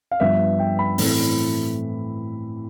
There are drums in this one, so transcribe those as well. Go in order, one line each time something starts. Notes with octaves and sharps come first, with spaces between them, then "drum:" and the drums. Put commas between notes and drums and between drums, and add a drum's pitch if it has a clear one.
F5
G2 F3 B3 E5
G5
B5
A2 E3 A3 C4, drum: open hi-hat